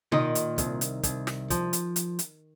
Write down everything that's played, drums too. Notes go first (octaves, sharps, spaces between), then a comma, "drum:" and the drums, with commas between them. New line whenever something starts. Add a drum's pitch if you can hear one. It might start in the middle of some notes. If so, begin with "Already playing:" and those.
A#2 D#3 D#4, drum: tom B2
drum: hi-hat
C2, drum: kick, hi-hat
drum: hi-hat
C2, drum: kick, hi-hat
drum: snare
F3, drum: kick, hi-hat
drum: hi-hat
drum: hi-hat
drum: hi-hat